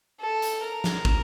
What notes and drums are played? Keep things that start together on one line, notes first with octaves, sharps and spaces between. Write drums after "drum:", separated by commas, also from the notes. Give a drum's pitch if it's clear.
A4
drum: hi-hat
A#4
drum: snare
drum: kick